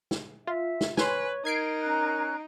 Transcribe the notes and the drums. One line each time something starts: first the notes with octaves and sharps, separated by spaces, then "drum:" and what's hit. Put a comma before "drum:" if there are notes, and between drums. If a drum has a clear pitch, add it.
drum: snare
F4 E5
drum: snare
B4 C#5 G#5 C6, drum: snare
D#4 A#4 G#6 C7 D7
C#4 A#5 F#6